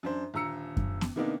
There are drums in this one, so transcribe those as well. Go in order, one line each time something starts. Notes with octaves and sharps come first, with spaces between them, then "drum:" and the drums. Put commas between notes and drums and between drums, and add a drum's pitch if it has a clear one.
F#2 D4 C5
D#1 D3 A#5 E6 C#7
drum: kick F#2
drum: snare B3
C3 D#3 A#3 B3 D4 D#4